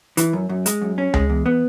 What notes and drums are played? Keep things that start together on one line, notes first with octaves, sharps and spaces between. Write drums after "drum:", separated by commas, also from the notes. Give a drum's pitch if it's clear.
E3, drum: hi-hat
F#2
F#2
G#3, drum: hi-hat
F#2
C#4
G#3, drum: tom C#2
E2
B3